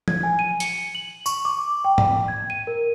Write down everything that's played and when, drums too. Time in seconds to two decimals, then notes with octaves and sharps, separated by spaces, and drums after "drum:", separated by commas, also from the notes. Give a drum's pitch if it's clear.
0.08 G#6, drum: tom F3
0.23 G#5
0.39 D#7
0.60 C#7, drum: hi-hat
0.95 F#7
1.26 C#6, drum: tambourine
1.45 D6
1.84 G5
1.98 drum: tom G#2
2.28 G#6
2.50 D#7
2.67 A#4